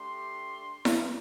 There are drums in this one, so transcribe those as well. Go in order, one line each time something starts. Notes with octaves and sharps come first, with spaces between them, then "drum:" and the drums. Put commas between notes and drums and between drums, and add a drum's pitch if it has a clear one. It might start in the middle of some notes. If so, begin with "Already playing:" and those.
Already playing: A3 D4 G4 C6
G3 D4 F4, drum: snare E4